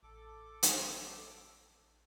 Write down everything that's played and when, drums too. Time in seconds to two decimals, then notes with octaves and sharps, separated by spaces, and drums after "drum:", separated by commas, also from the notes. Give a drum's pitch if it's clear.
0.03 A1 A4 D6
0.63 drum: hi-hat